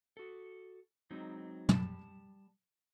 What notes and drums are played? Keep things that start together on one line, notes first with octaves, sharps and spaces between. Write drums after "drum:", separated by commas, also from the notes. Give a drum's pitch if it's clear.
F#4 A4
F#3 G#3 C4 D#4
G3 A5, drum: tom